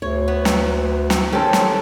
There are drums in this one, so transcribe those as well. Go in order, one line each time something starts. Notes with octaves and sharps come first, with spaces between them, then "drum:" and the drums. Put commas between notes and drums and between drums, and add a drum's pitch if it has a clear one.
D2 C#5
B3
drum: snare
drum: snare
D#3 C#4 G4 A4 C5
drum: snare